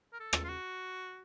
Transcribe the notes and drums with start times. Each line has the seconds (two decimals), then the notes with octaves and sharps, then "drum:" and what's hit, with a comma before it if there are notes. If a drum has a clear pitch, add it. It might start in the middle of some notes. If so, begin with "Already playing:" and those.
0.13 A#4
0.20 A4
0.33 drum: rim click
0.44 F4
0.49 F#4